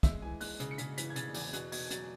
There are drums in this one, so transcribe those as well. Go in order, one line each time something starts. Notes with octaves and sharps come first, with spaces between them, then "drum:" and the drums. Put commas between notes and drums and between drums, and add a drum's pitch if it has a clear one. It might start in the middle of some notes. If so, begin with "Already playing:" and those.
G#3 E5, drum: kick, hi-hat
E3 G#5
G#3 F#6, drum: open hi-hat
C#3, drum: hi-hat
C#7
C#3 B6, drum: hi-hat
E3 B6, drum: hi-hat
G#6
C#3 A6, drum: hi-hat
E2 G#6, drum: open hi-hat
B2 F#6, drum: hi-hat
B2 G#6, drum: open hi-hat
F#3 A6, drum: hi-hat